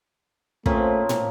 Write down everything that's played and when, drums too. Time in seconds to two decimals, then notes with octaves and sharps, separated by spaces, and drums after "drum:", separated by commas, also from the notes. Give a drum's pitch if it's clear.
0.66 A#2 F3 A3 C4 C#4 B4, drum: kick
1.09 drum: tom